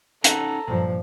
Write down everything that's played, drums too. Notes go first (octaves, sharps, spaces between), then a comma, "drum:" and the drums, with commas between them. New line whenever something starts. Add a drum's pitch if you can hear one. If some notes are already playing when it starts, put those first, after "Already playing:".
C#4 D#4 A4 F#5 A#5, drum: hi-hat
G2 A#2 F3